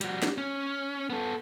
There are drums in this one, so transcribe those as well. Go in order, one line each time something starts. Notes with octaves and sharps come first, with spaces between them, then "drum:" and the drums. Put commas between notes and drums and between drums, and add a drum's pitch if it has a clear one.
G3 F#4, drum: hi-hat
drum: snare
C#4
B3 A4